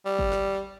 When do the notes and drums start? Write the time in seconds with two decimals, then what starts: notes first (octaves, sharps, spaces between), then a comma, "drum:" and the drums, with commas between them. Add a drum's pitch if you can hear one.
0.06 G3
0.19 drum: kick G1
0.32 drum: snare